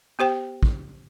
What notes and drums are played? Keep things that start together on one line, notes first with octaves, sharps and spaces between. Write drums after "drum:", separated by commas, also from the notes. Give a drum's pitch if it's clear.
B3 G4 C5 G5
drum: kick